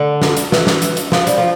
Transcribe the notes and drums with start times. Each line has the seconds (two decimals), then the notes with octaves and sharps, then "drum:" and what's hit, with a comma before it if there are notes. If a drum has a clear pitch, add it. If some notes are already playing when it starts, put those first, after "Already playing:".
Already playing: D3
0.22 drum: snare
0.37 drum: hi-hat
0.52 E3, drum: snare
0.67 drum: snare
0.82 drum: hi-hat
0.97 drum: hi-hat
1.12 F3, drum: snare
1.27 G3, drum: hi-hat
1.38 F3